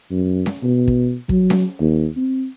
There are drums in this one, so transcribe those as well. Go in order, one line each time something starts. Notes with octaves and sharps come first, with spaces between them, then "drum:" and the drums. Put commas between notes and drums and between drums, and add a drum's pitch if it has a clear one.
F#2
drum: snare C#4
B2
drum: kick
F#3, drum: kick
drum: snare C#4
D#2
C4